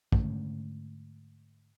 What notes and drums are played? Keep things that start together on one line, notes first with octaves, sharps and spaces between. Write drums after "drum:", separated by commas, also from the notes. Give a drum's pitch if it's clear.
G#2 D3 A3 C#4, drum: kick